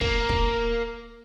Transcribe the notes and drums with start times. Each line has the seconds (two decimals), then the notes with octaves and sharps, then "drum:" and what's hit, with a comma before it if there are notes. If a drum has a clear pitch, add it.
0.01 A#3, drum: kick
0.29 drum: kick